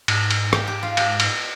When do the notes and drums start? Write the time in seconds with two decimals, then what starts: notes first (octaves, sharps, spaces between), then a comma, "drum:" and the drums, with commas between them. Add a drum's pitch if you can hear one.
0.08 G#2, drum: cymbal
0.31 drum: cymbal
0.53 G4, drum: rim click
0.67 G4
0.83 F4
0.97 G4, drum: cymbal
1.20 drum: cymbal